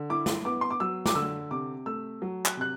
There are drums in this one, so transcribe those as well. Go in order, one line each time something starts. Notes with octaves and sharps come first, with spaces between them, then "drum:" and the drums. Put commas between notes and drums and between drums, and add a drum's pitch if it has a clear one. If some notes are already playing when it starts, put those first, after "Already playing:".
Already playing: D3
E4 D6
drum: snare
B3 D6
C6
D6
F#3 E6
D6, drum: snare
D3 E6
C3 D6
A3 E6
F#3
F#6, drum: clap
C3 F#6